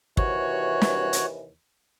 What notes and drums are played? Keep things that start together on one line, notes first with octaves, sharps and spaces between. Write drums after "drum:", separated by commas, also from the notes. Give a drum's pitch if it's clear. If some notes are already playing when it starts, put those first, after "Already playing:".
D#2 C3 E3 F#4 C#5 F#6, drum: kick
drum: snare
drum: hi-hat